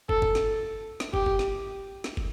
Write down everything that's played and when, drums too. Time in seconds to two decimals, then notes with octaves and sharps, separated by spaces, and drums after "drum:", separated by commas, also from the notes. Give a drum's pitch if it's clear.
0.09 A4, drum: kick
0.22 drum: kick
0.35 drum: snare
1.00 drum: snare
1.14 G4, drum: kick
1.26 drum: kick
1.39 drum: snare
2.04 drum: snare
2.17 drum: kick